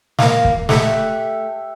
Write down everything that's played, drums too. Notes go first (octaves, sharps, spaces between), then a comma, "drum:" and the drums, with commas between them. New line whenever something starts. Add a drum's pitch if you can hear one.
A#3 F5, drum: snare
drum: kick
A3 G4 A4 E5 F#5, drum: snare